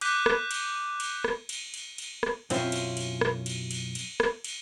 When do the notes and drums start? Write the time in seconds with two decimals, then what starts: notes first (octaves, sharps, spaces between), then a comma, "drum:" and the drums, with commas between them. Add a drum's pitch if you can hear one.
0.01 D6 F#6 G6 B6 D#7, drum: cymbal
0.26 drum: rim click
0.51 drum: cymbal
1.00 drum: cymbal
1.24 drum: rim click
1.49 drum: cymbal
1.74 drum: cymbal
1.98 drum: cymbal
2.23 drum: rim click
2.50 F#2 B2 C4 C#4 E4 F4, drum: cymbal
2.72 drum: cymbal
2.97 drum: cymbal
3.21 drum: rim click
3.46 drum: cymbal
3.71 drum: cymbal
3.95 drum: cymbal
4.20 drum: rim click
4.44 drum: cymbal